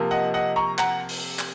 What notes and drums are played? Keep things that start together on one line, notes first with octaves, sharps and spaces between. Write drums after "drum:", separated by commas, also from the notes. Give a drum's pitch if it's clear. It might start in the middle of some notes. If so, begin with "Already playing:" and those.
Already playing: C3 F3 A#3
D#5 F#5
D#5 F#5
A#5 C#6
F#5 A#5, drum: clap
drum: open hi-hat
drum: clap